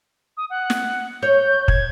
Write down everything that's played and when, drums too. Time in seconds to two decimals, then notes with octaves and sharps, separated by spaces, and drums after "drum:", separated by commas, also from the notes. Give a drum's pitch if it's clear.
0.37 D#6
0.50 F#5
0.70 drum: snare
1.23 C#5 G6
1.68 G#6, drum: kick